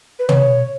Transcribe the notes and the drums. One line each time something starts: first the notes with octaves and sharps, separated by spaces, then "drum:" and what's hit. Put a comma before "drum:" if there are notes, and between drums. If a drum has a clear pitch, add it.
B4
C#5, drum: tom